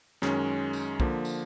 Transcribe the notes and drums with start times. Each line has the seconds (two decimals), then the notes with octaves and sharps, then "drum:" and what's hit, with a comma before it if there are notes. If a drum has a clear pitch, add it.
0.22 F#2 D#3 G#3 C#4, drum: snare
0.73 drum: tambourine
1.00 D3 F3 A#3, drum: kick
1.25 drum: tambourine